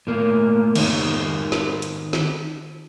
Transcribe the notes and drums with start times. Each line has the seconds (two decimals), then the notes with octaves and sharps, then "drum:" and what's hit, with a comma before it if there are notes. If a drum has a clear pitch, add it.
0.07 A2 A#3
0.75 D#3 C4 D#4 C#5, drum: cymbal
1.52 drum: snare
1.82 drum: hi-hat
2.13 drum: snare